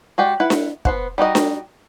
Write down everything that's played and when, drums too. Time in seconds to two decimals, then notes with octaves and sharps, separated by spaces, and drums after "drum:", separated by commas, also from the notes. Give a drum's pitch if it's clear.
0.18 G#3 F#4 G4 D5
0.40 E4 B4 F#5
0.50 drum: snare D4
0.85 B3 C5 F#5, drum: kick
1.18 G3 D#4 F#4 D#5
1.35 drum: snare D4